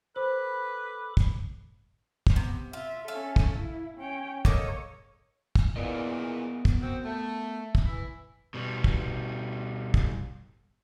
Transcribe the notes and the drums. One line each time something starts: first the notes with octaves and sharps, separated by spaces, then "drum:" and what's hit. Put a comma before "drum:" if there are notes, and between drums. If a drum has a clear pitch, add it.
A4 B4 C5 B5 D6
drum: kick
drum: kick
C3 B3
F4 E5
C#4 A4 E5 F5
drum: kick
E4
C#4 G5
A#3 A4 C#5 D#5, drum: kick
drum: kick
E2 A#2 B3 A#4 D#5
drum: kick
C4 F#4
A3
drum: kick
E3 E4
B2 G3
drum: kick
drum: kick